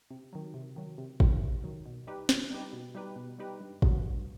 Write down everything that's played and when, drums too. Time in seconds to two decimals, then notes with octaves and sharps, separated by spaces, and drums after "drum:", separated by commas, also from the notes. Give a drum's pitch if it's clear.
0.11 C3
0.33 D#3 F#3
0.54 C3
0.76 D#3 F#3
0.98 C3
1.20 D#3 F#3, drum: kick
1.42 C3
1.64 D#3 F#3
1.86 B2
2.07 G3 D#4 G4 B4
2.29 B2, drum: snare
2.51 G3 D#4 G4 B4
2.73 B2
2.95 G3 D#4 G4 B4
3.16 B2
3.38 G3 D#4 G4 B4
3.60 G2
3.82 F#3 B3, drum: kick
4.04 G2